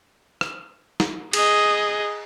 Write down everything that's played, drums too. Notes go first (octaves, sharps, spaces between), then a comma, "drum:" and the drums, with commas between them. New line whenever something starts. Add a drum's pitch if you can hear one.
drum: rim click
drum: snare
G#4 D#5, drum: cymbal